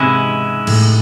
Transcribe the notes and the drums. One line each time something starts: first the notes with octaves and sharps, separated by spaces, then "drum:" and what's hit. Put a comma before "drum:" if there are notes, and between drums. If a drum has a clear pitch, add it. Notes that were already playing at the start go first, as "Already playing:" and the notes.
Already playing: G#2 C3 E3 G#3 C#4 E4
A2, drum: cymbal